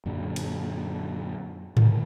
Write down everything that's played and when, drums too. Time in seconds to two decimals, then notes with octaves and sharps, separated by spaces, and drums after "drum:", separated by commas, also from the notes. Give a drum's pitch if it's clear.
0.06 F#2 A#2 D3
0.36 drum: cymbal
1.77 D3 D#3 G#3, drum: tom G#2